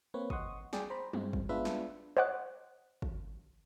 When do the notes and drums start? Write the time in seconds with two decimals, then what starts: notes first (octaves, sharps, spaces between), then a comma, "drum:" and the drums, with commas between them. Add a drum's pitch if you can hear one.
0.14 A#3 C4 B4 C#5
0.30 D#5 F#5 C6 C#6 D#6, drum: kick
0.73 G#4 D5 G5, drum: snare
0.90 C5 A#5 B5
1.13 G2 G#3 C4, drum: tom G3
1.33 drum: kick
1.49 G#3 B3 D4 F4 B4 E5
1.65 drum: snare
2.17 C5 C#5 D#5 F#5 D6 F#6
3.02 drum: kick